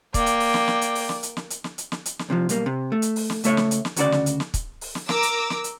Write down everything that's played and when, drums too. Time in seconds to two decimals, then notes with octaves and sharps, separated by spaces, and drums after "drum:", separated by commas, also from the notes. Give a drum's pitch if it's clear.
0.14 A#3 D5 G5, drum: kick, hi-hat
0.26 drum: hi-hat
0.40 drum: open hi-hat
0.54 drum: snare
0.68 drum: snare
0.81 drum: hi-hat
0.95 drum: open hi-hat
1.09 drum: snare
1.23 drum: hi-hat
1.37 drum: snare
1.50 drum: hi-hat
1.64 drum: snare
1.78 drum: hi-hat
1.92 drum: snare
2.06 drum: hi-hat
2.19 drum: snare
2.29 C2 C3 E3 F3
2.49 B1 G3 A#3, drum: hi-hat
2.66 C3
2.92 A3
3.02 drum: hi-hat
3.16 drum: open hi-hat
3.30 drum: snare
3.44 C#2 A3 C#5 E5, drum: hi-hat
3.57 drum: snare
3.71 drum: hi-hat
3.85 drum: snare
3.96 D2 C#3 F#4 A4 D5, drum: hi-hat
4.12 drum: snare
4.26 drum: hi-hat
4.40 drum: snare
4.54 drum: kick, hi-hat
4.81 drum: open hi-hat
4.95 drum: snare
5.09 A#4 D6 E6, drum: snare
5.23 drum: hi-hat
5.50 drum: snare
5.64 drum: hi-hat